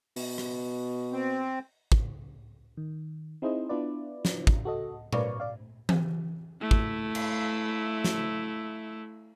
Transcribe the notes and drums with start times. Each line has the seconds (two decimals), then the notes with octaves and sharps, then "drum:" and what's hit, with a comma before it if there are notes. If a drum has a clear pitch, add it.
0.16 B2, drum: open hi-hat
0.38 drum: rim click
1.13 C4
1.92 drum: kick
2.77 D#3
3.42 C4 D#4 E4 G#4 C5 D#5
3.69 B3 D4 E4 F4 B4 D5
4.25 drum: snare
4.47 drum: kick
4.65 F#4 A4 D#5
5.13 A#4 B4 C#5 D5 F5 C#6, drum: tom A#2
5.40 D5 F5
5.89 drum: tom E3
6.61 A3 E4
6.71 drum: kick
7.15 drum: cymbal
8.04 drum: snare